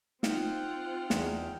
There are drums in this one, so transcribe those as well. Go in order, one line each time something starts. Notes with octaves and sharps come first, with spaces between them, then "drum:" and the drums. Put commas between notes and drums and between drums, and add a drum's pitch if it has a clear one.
C4 D#4 F4 F#5 G5 F6, drum: snare
E2 G#3, drum: snare